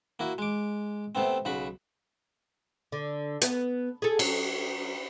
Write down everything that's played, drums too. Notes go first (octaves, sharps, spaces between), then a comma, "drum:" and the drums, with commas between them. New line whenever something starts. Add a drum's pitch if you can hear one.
A#3 E4 F#4
G#3 D6
C3 A3 B3 C4
B1 C#3 F#4 B5
D3
B3, drum: hi-hat
G#4 A4
F#3, drum: cymbal